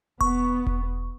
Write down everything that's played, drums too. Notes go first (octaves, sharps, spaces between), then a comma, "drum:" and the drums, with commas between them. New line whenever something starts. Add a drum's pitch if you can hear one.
B3 C#6, drum: kick E1
drum: kick E1